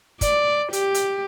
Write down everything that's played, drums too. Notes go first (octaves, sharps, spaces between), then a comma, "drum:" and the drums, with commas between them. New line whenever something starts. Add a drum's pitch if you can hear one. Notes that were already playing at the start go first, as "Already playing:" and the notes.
D5, drum: kick, hi-hat
G4, drum: hi-hat
drum: hi-hat